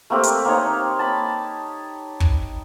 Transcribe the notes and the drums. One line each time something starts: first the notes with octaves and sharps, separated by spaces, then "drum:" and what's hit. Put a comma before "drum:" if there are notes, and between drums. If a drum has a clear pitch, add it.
A3 A#3 C4 G4
drum: hi-hat
A#3 C4 D#4 C#5
A5 B5
drum: kick